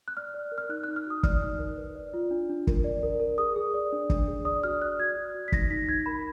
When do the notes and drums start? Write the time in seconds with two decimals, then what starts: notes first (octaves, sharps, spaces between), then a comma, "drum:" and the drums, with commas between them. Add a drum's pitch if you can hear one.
0.08 F#6
0.17 D5 F6
0.34 D5
0.52 A#4
0.58 F6
0.69 D#4 F#6
0.84 F#6
0.88 D#4
0.96 F6
1.06 F#4 D#6
1.23 D5 F6, drum: kick
1.42 D#4
1.59 A#4
1.77 B4
1.95 D5
2.14 F4
2.31 D4
2.49 D4
2.67 A#4, drum: kick
2.84 D5
3.03 A#4
3.20 A#4
3.38 G#4 D#6
3.56 G#4
3.74 D5
3.92 D4
4.10 D4, drum: kick
4.28 G#4
4.45 D5 D#6
4.64 F#4 F6
4.81 D5 F#6
4.99 F#4 G#6
5.17 F#4
5.34 F#4
5.48 B6
5.52 D#4 A#6, drum: kick
5.71 D#4 B6
5.88 D#4 G#6
6.06 A#4 B5